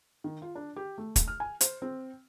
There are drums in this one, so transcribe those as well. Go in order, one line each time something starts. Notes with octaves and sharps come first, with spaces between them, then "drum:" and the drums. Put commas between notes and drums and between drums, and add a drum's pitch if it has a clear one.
D#3
F4
D4
G4
A3
drum: kick, hi-hat
F6
G#5
C5, drum: hi-hat
C4